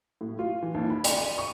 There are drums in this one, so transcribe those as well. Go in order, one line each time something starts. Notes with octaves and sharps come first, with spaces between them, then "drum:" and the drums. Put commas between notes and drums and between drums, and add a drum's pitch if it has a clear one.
A2
F4
E3
D#2
B5
D5, drum: hi-hat
D#7
C#6